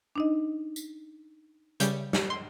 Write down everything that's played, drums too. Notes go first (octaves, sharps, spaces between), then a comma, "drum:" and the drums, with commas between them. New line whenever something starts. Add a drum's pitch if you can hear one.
D4 D#4 D#5
drum: tambourine
C#3 G3 G6, drum: hi-hat
drum: snare
C6